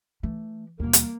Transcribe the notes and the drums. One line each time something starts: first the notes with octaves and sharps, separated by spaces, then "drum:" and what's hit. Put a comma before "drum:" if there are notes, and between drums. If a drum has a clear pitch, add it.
E3 A3
D#2 B2 E3 G3 A#3
drum: hi-hat